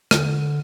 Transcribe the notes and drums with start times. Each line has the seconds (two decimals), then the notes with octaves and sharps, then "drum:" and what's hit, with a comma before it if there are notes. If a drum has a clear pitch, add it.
0.11 D3, drum: rim click